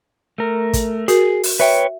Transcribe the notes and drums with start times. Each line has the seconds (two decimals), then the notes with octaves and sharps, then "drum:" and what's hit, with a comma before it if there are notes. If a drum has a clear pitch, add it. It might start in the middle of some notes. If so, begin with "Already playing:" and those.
0.38 A3 A#4
0.73 drum: kick, hi-hat
1.08 F#4 G#4 A#4, drum: hi-hat
1.43 drum: open hi-hat
1.60 B4 C#5 E5 G5